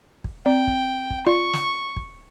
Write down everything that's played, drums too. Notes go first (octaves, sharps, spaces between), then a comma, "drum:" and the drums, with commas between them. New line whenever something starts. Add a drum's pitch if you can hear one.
drum: kick
C4 D5 G5
drum: kick
drum: kick
F4 D5 C#6
drum: snare
drum: kick